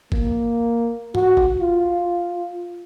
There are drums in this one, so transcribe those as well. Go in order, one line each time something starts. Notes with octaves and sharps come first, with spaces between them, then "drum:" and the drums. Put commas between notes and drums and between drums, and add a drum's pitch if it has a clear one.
A#3, drum: kick F#1
F#4, drum: tom G#2
drum: kick F#1
F4